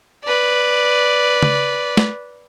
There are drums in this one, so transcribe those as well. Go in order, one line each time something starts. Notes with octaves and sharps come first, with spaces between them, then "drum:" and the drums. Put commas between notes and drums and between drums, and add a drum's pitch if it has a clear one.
B4 D5
drum: tom
drum: snare